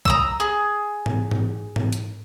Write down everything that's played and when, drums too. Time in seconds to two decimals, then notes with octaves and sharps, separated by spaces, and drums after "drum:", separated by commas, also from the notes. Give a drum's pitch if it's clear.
0.05 A#5 D#6 E6, drum: kick C2
0.40 G#4
1.06 drum: tom G#2
1.31 drum: tom G#2
1.76 drum: tom G#2
1.93 drum: hi-hat